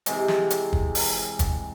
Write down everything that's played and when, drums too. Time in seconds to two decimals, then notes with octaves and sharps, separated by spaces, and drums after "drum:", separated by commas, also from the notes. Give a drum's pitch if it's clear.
0.06 C3 E3 G#3, drum: hi-hat
0.28 drum: snare
0.50 drum: hi-hat
0.73 drum: kick
0.95 drum: open hi-hat
1.39 drum: kick, hi-hat